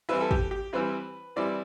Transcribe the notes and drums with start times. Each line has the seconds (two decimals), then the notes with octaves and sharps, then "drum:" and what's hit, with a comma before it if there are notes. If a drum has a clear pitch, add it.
0.09 E3 G3 C4 E4 B4
0.21 A4
0.31 G4, drum: kick
0.51 G4
0.73 E3 G3 C4 E4 B4
1.36 E3 G3 C4 E4 D5